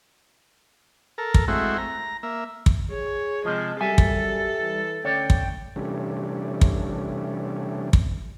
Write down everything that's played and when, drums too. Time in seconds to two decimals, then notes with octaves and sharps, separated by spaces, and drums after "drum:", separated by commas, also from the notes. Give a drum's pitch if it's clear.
1.18 A4 A#4
1.34 drum: kick
1.48 G#3 A3 C4 E4 F#4
1.78 A#5
2.23 A#3 E5
2.66 drum: kick
2.91 G#4 C#5
3.45 C3 F3 G#3 A5
3.81 F#2 G3 A4 E5 G#5
3.98 drum: kick
4.58 E3
5.05 D2 C#4 A4 C#5 D5 G5
5.30 drum: kick
5.76 C3 E3 G3 A3 C#4 D4
6.61 drum: kick
7.93 drum: kick